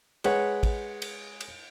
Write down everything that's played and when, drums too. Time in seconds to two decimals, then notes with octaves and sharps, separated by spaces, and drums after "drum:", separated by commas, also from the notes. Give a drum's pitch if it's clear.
0.24 G#3 B4 C#5 F#5, drum: cymbal
0.63 drum: kick, cymbal
1.02 drum: cymbal
1.41 drum: cymbal